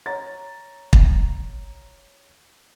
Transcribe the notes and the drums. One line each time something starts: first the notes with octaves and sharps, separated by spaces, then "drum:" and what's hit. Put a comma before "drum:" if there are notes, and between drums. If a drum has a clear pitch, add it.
C#5 A#5 A6
drum: kick